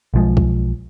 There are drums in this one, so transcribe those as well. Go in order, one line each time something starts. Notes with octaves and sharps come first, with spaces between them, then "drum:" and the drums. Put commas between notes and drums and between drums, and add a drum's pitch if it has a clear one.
B1 F3 G#3
drum: kick